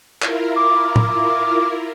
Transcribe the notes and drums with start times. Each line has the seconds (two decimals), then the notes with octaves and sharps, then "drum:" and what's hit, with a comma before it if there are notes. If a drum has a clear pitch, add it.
0.22 E4 F4 A#4, drum: clap
0.56 D6
0.96 drum: tom A2